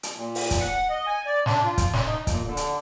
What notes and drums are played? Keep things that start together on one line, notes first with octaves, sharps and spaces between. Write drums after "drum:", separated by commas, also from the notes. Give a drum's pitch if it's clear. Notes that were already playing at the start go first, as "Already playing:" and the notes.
drum: hi-hat
A#2
drum: open hi-hat
drum: kick, hi-hat
F#5
D#5
G#5
D5
D4, drum: snare
F4
drum: kick, hi-hat
drum: snare
D#4
A#2, drum: kick, hi-hat
D3
drum: hi-hat